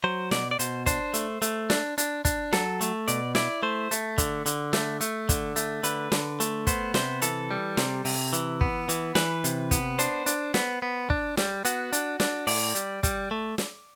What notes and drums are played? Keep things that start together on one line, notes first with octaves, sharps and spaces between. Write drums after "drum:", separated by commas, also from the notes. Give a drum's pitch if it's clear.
F#3 C5
B2 D5, drum: snare
D5
B2 C5, drum: hi-hat
D4 C5, drum: kick, hi-hat
A3, drum: hi-hat
A3, drum: hi-hat
D4, drum: snare
D4, drum: hi-hat
D4, drum: kick, hi-hat
F#3 A4, drum: snare
A3, drum: hi-hat
B2 D5, drum: hi-hat
E4 D5, drum: snare
A3 C5
A3, drum: hi-hat
D3, drum: kick, hi-hat
D3, drum: hi-hat
A3, drum: snare
A3, drum: hi-hat
D3, drum: kick, hi-hat
A3, drum: hi-hat
D3 B4, drum: hi-hat
D3, drum: snare
A3, drum: hi-hat
B3 C5, drum: kick, hi-hat
C3 C5, drum: snare
E3 A4, drum: hi-hat
G3
C3, drum: snare
C3, drum: open hi-hat
E3, drum: hi-hat
B3, drum: kick
E3, drum: hi-hat
E3 B4, drum: snare
C3, drum: hi-hat
B3, drum: kick, hi-hat
D4 C5, drum: hi-hat
D4, drum: hi-hat
B3, drum: snare
B3
D4, drum: kick
G3, drum: snare
B3 F#4, drum: hi-hat
D4, drum: hi-hat
D4, drum: snare
A2 D5, drum: open hi-hat
G3, drum: hi-hat
G3, drum: kick, hi-hat
A3
drum: snare